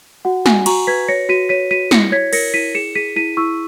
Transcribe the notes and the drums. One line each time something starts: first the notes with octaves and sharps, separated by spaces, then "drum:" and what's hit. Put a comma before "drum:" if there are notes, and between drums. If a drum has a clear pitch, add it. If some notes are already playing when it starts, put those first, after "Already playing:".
F#4 F#5
F#4 G#5, drum: snare
F#4 A#5 C#6, drum: cymbal
B4 G#6 B6
C#5 A#6 C#7
F#4 B6 D#7
C#5 B6 D#7
F#4 B6 D#7
E4 A#6 C#7, drum: snare
C#5 G#6 B6
A#4 A#6 C#7, drum: cymbal
E4 B6 D#7
G#4 C#7 E7
G#4 B6 D#7
E4 B6 D#7
E4 C#6 E6